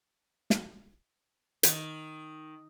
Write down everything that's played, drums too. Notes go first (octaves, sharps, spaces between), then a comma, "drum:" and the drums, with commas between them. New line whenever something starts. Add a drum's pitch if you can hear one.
drum: snare
D#3, drum: hi-hat